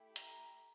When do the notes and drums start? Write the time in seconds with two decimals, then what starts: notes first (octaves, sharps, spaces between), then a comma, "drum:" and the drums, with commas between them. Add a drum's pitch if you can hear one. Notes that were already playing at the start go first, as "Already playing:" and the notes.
Already playing: A3 E4 G4
0.16 A#5, drum: hi-hat